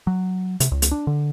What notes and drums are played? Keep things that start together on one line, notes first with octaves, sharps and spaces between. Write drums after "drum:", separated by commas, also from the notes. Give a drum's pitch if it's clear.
F#3
C3, drum: hi-hat
C#2
drum: hi-hat
D4
D3